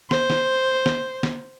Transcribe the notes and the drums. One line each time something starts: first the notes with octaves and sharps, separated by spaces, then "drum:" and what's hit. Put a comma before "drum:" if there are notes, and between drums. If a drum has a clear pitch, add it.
C5, drum: snare
drum: snare
drum: snare
drum: snare